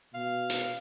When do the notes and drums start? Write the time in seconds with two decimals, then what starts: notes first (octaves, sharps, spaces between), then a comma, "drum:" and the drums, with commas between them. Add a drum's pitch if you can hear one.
0.14 B2 F5
0.50 drum: hi-hat